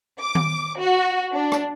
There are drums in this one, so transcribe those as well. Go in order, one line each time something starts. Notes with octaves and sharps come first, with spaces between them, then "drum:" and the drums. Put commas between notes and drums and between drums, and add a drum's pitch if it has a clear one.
D6
drum: tom D#3
F#4
D4
drum: rim click